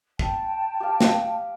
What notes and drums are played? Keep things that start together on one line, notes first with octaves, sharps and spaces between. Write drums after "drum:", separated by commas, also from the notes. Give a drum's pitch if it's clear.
G5 A5, drum: kick
G4 F5
drum: snare